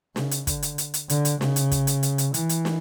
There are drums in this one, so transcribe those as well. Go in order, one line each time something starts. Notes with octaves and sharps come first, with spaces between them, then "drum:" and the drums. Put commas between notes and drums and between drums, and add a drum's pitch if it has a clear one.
C#3, drum: snare
drum: hi-hat
D3, drum: kick, hi-hat
drum: hi-hat
drum: hi-hat
drum: hi-hat
D3, drum: hi-hat
drum: hi-hat
C#3, drum: snare
drum: hi-hat
drum: kick, hi-hat
drum: hi-hat
drum: hi-hat
drum: hi-hat
E3, drum: hi-hat
drum: hi-hat
drum: snare